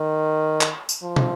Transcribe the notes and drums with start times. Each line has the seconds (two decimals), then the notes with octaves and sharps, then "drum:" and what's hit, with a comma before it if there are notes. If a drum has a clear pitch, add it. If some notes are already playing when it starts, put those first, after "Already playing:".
Already playing: D#3
0.61 drum: clap
0.89 drum: tambourine
1.03 F3
1.16 drum: tom